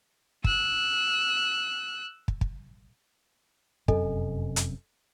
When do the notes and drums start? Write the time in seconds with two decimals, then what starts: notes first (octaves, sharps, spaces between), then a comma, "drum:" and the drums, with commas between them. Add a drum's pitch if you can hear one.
0.44 E6 F#6, drum: kick
2.28 drum: kick
2.41 drum: kick
3.88 F1 F#2 C3 A4 D#5 G#5, drum: kick
4.56 drum: hi-hat